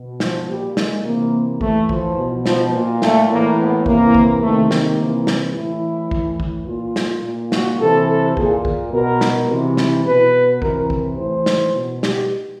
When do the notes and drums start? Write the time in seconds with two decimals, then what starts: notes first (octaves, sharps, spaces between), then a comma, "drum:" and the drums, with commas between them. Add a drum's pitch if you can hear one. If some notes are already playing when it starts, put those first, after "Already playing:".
Already playing: B2
0.20 F3, drum: snare
0.49 A#2 G3
0.77 G#3, drum: snare
1.05 C3 E3 A#3
1.61 A2 E3 A3, drum: kick
1.89 F3, drum: kick
2.17 B2
2.46 F3, drum: snare
2.74 A#2
3.02 A3, drum: snare
3.30 A2 E3 A#3
3.58 B3
3.86 C3 E3 A#3, drum: kick
4.15 drum: kick
4.42 C3 D#3 A3
4.71 A#3, drum: snare
5.00 C3 E3
5.27 drum: snare
5.55 A2 E3 E4
6.11 A2 E3, drum: kick
6.40 drum: kick
6.68 A#2 F4
6.96 drum: snare
7.24 A#2
7.52 F#4, drum: snare
7.80 C3 E3 A4
8.09 A4
8.37 A#2 G#4, drum: kick
8.65 drum: kick
8.93 B2 A#4
9.21 drum: snare
9.50 C3 E3
9.77 drum: snare
10.05 B2 B4
10.62 C3 E3 A#4, drum: kick
10.90 drum: kick
11.18 A2 E3 C5
11.46 drum: snare
11.74 B2
12.03 G4, drum: snare